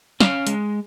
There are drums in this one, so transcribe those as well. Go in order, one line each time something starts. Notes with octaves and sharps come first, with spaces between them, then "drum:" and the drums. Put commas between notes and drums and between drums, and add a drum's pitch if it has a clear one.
C#4 F5, drum: snare
G#3, drum: hi-hat